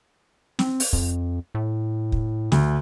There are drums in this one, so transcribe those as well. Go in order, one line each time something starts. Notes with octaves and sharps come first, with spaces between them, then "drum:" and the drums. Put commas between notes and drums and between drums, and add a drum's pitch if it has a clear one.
C4, drum: snare
drum: open hi-hat
F2, drum: kick
A2
drum: kick
D2, drum: snare